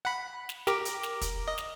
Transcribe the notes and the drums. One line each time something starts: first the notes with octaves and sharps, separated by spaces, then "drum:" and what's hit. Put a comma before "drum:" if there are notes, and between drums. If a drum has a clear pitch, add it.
F#5 B5
drum: snare
G4 A#4 D6, drum: snare
drum: hi-hat
drum: snare
drum: kick, hi-hat
D#5
drum: snare